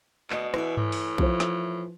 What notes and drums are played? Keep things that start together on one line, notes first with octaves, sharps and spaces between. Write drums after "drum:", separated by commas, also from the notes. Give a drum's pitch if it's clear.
D2 B2 D#5, drum: clap
E3 G#4 E5, drum: rim click
A2, drum: tom G2
drum: open hi-hat
F3 C5, drum: kick B1
drum: snare